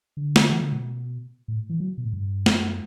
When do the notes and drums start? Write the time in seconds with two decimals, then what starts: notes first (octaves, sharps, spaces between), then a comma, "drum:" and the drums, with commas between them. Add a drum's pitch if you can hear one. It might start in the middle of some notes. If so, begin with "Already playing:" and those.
0.17 D3
0.36 drum: snare
0.50 E3
0.61 D3
0.72 B2
1.48 A2
1.69 E3
1.80 F#3
1.98 B2
2.05 A2
2.13 G2
2.46 F#2, drum: snare